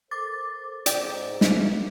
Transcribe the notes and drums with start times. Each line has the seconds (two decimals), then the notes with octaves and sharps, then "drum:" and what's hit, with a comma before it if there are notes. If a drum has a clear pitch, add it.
0.11 A4 A#4 C5 D6 A6
0.86 G#2 D5 G5, drum: hi-hat
1.41 B2 A3, drum: snare